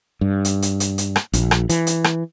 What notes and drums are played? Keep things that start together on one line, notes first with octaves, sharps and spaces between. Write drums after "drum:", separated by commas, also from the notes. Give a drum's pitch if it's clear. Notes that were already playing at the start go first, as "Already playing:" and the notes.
G2
drum: hi-hat
drum: hi-hat
drum: hi-hat
drum: hi-hat
drum: rim click
A#1, drum: hi-hat
drum: rim click
E3, drum: hi-hat
drum: hi-hat
drum: rim click